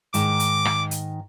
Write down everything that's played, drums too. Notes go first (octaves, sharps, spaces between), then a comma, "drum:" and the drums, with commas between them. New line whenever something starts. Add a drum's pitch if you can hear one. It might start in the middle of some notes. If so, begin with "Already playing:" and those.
G#2 D#3 D6, drum: hi-hat
drum: hi-hat
drum: rim click
drum: hi-hat